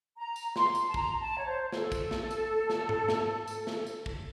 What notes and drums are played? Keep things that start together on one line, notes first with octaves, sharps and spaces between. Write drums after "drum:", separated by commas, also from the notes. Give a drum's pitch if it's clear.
A#5
drum: tambourine
C6, drum: snare
drum: tambourine
A5
A#5, drum: kick
A5
C#5
C5
A4, drum: snare
drum: kick, tambourine
drum: snare
drum: tambourine
drum: snare
drum: tom G#2
drum: snare
drum: tambourine
drum: snare
drum: tambourine
drum: kick